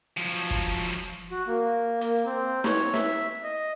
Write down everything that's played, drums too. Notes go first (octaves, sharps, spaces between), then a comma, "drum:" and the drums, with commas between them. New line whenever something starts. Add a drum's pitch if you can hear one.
F3 F#3
drum: kick
F#4
A#3
A#3, drum: hi-hat
C4
C#5, drum: snare
E5, drum: snare
D#5